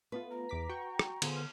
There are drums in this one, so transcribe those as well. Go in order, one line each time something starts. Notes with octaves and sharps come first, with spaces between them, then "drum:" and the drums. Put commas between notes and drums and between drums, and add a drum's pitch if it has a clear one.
A3 B3 F4 B4
A#5
E2 D6 B6
F#4 G5 C#6
drum: rim click
D3 B3 F4 G#4 C5, drum: cymbal
F6